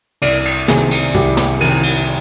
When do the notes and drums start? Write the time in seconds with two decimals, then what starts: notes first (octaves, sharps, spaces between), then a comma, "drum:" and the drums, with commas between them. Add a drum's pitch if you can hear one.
0.22 C2 D5, drum: cymbal
0.45 drum: cymbal
0.68 C3 D#3 G#4, drum: snare
0.91 drum: cymbal
1.14 C2 G4, drum: tom
1.37 drum: snare
1.60 C3 D#3, drum: cymbal
1.83 drum: cymbal